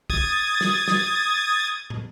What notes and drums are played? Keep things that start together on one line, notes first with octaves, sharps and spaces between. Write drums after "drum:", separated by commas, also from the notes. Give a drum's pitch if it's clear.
D#6 G#6 A6, drum: kick
drum: snare
drum: snare
drum: tom